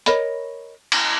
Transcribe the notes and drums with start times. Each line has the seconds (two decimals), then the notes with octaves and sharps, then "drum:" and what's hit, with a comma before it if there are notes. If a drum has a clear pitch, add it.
0.06 A#4 C#5 D#5 B5, drum: hi-hat
0.92 drum: cymbal